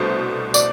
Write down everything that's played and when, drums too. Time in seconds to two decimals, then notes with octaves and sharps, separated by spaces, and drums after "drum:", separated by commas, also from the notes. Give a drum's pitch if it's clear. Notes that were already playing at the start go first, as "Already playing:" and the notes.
Already playing: C2 B2 A3 D4 C5
0.54 D5, drum: tambourine